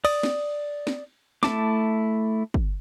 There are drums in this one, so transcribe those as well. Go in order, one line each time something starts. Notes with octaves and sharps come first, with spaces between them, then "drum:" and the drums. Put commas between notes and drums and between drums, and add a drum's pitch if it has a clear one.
D5 D#6, drum: cymbal
drum: snare C4
drum: snare C4
A3 E4 A5 D6, drum: snare C4
drum: kick